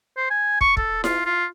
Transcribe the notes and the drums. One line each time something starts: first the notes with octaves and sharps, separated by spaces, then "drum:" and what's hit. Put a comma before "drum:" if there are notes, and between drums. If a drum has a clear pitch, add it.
C5
G#5
C#6, drum: kick
A4, drum: kick
F4, drum: snare E4
F4